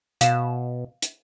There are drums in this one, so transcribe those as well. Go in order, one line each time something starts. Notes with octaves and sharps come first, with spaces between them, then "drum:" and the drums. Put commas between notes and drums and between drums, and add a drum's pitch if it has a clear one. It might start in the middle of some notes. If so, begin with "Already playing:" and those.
B2 F5 E7, drum: hi-hat
drum: hi-hat